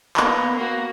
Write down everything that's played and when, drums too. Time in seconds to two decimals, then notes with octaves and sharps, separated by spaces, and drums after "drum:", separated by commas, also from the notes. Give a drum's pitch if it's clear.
0.17 A#3 B3, drum: clap
0.55 A#3 F#4